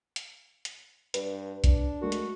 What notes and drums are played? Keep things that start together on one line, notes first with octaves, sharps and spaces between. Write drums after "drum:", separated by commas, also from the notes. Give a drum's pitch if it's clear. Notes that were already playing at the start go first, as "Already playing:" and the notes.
drum: hi-hat
drum: hi-hat
G2 B4, drum: hi-hat
D4, drum: kick B1, hi-hat
G#3 A3 F#4 A#4
drum: hi-hat